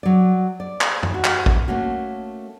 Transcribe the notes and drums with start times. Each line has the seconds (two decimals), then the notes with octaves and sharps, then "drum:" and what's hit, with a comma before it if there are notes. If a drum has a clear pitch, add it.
0.03 F#3 D5
0.60 D5
0.81 drum: clap
1.03 drum: tom
1.14 F#4
1.24 drum: clap
1.46 drum: kick A1
1.68 A3 A#3 C#4 F#4